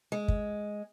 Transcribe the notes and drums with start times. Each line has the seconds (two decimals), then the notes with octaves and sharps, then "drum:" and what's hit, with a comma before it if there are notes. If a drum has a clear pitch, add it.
0.12 G#3
0.28 drum: kick